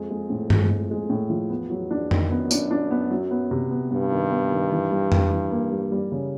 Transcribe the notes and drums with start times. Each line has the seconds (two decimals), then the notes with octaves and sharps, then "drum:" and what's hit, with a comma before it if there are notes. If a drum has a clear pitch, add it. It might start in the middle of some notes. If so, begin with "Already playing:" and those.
Already playing: F2 G#3
0.11 G#3
0.30 A2
0.50 G#3, drum: tom G2
0.71 G#3
0.91 G#3
1.10 A2
1.30 F3
1.50 E2 B3
1.70 F#3
1.91 D4
2.11 D#3, drum: tom F2
2.31 F#2 B3
2.51 D4, drum: tambourine
2.71 D4
2.91 B3
3.11 F#3
3.31 B3
3.51 C3
3.71 B3
3.91 G2 B3
4.11 D#3
4.31 B3
4.51 D#3
4.72 E3
4.92 G3
5.12 E3, drum: tom F2
5.32 E3
5.51 A#3
5.72 G3
5.92 G3
6.12 C#3